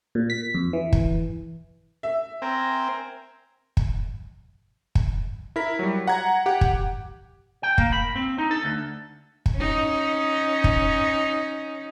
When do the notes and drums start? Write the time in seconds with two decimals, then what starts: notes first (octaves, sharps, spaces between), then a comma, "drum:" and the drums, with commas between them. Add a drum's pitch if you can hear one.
0.15 A#2
0.30 B6
0.54 F2
0.73 E3
0.93 drum: kick
2.03 E5
2.42 C4 A#4 G#5 A#5
3.77 drum: kick
4.95 drum: kick
5.56 E4 A#4 B6
5.79 F#3 G3
6.08 F#5 A#5 G#6
6.46 G4 F#5
6.61 drum: kick
7.63 G5
7.78 A#3, drum: kick
7.93 B5
8.15 C4
8.38 D#4
8.51 A4
8.64 D2
9.46 drum: kick
9.55 C#4 D#4
10.64 drum: kick